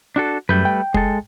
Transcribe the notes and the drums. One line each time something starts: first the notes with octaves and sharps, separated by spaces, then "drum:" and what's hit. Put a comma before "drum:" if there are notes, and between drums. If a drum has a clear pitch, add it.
D4 F#4 A4
F#2 G3 A3 B4 G6
G5
G#3 A4, drum: kick